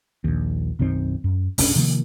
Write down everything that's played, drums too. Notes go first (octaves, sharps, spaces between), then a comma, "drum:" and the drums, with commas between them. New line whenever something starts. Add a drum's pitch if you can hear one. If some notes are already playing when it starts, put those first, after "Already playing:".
A#1 D#2
B1 F#2 D#3 C4
F#2
F1 B1 C#4 D4, drum: open hi-hat
C3 D#3 F3 A#3